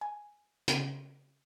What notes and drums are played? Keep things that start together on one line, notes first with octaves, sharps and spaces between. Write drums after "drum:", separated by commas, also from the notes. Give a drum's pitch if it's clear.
G#5
C#3, drum: hi-hat